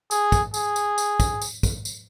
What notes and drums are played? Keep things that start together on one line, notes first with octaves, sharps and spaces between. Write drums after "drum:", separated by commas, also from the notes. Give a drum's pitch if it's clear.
G#4, drum: tambourine
drum: kick, tambourine
G#4, drum: tambourine
drum: tambourine
drum: tambourine
drum: kick, tambourine
drum: tambourine
drum: kick, tambourine
drum: tambourine